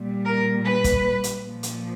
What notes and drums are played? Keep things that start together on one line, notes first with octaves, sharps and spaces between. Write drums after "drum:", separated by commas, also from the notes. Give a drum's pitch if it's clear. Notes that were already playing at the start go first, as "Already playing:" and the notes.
Already playing: A#2 G3
A#4
B4
drum: kick, hi-hat
drum: hi-hat
A#2 F3
drum: hi-hat